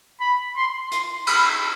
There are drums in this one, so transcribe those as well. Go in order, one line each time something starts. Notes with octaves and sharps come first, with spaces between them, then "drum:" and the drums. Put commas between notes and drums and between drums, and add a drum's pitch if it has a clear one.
B5
C6
C6, drum: hi-hat
B5, drum: cymbal